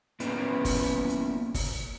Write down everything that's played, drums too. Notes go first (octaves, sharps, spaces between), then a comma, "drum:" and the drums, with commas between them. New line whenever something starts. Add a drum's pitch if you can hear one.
A#3 B3 C#4 E4 B4 G5, drum: hi-hat
drum: kick, open hi-hat
drum: hi-hat
drum: kick, open hi-hat